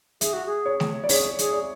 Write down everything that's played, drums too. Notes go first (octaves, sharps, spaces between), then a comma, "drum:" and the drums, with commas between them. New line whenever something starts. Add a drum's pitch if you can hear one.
G#4 E5, drum: hi-hat
F#4
G#4
C#5
drum: snare A3
D5
G#4 C#5, drum: open hi-hat
G#4, drum: hi-hat
D5